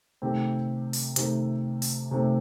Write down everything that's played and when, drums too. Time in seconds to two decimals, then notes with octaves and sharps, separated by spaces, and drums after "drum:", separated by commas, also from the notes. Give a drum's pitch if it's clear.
0.22 C3 D#3 A3 C4 G4
0.93 drum: open hi-hat
1.16 C3 D#3 A3 C4 G4, drum: hi-hat
1.82 drum: open hi-hat
2.11 C3 D#3 A3 C4 G4